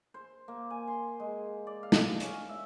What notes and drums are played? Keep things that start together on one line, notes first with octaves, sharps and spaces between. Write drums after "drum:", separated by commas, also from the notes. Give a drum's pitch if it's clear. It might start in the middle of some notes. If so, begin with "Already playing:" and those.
C5
A#3
G#5
C6
G#3
D5
F5
drum: snare
C#4, drum: hi-hat
E5